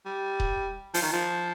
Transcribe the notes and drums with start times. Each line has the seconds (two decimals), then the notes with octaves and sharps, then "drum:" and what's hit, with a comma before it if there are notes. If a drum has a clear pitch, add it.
0.05 G3
0.40 drum: kick D#1
0.94 F3, drum: open hi-hat
1.02 D#3
1.13 F3